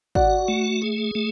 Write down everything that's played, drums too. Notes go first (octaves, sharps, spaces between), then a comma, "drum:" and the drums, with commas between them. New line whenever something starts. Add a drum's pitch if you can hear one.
F#4 D5 F#5, drum: kick
A3
G#4
A3